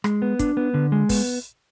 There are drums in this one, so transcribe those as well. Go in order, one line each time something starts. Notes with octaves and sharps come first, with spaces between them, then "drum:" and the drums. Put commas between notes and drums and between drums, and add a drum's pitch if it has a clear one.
G#3, drum: rim click
B3
D4, drum: kick, hi-hat
B3
D3
G#3
B3, drum: kick, open hi-hat